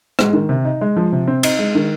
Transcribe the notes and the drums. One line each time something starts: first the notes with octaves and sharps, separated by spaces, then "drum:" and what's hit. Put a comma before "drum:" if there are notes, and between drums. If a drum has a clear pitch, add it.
G#3, drum: rim click
D#3
C3
D#4
G#3
F3
C3
C4
D#4, drum: cymbal
G#3
D#3